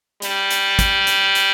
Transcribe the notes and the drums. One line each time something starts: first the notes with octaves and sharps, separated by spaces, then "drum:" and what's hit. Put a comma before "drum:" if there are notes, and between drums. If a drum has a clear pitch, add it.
G3, drum: hi-hat
drum: hi-hat
drum: kick, hi-hat
drum: hi-hat
drum: hi-hat